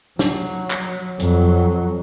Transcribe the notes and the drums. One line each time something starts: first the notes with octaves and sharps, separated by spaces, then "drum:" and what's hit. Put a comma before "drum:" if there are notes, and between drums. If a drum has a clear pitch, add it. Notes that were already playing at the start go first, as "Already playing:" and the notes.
F#3, drum: snare
drum: clap
F2 F#3, drum: hi-hat